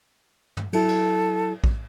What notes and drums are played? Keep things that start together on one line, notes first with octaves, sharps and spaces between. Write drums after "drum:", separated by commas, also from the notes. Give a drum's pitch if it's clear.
drum: tom
F#3 E4 A4, drum: cymbal
drum: cymbal
drum: kick A#1